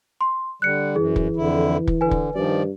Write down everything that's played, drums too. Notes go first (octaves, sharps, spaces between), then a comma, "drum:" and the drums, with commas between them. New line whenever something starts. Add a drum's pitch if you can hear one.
C6
D3 G3 F#6 C#7
F#2 E3 G#4
drum: kick
F2 D3 E4
drum: kick
D3 B4 G#5
drum: kick
G2 D#3 F3 D5